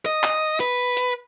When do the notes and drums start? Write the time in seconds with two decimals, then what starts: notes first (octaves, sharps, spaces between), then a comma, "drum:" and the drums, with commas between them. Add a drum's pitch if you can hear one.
0.06 D#5
0.23 drum: clap
0.60 B4, drum: hi-hat
0.97 drum: hi-hat